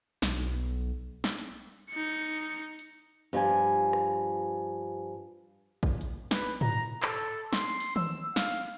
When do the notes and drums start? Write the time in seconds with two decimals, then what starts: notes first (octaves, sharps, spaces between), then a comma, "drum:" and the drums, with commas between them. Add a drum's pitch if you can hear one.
0.22 B1, drum: snare
1.24 drum: snare
1.39 drum: hi-hat
1.90 D#4 C#7
2.79 drum: hi-hat
3.33 G2 F3 A4 G#5
3.93 drum: rim click
5.83 drum: kick A1
6.01 drum: hi-hat
6.31 B4, drum: snare
6.61 A#5, drum: tom G#2
7.02 A4, drum: clap
7.53 C6, drum: snare
7.80 drum: open hi-hat
7.96 E6, drum: tom D#3
8.36 F5, drum: snare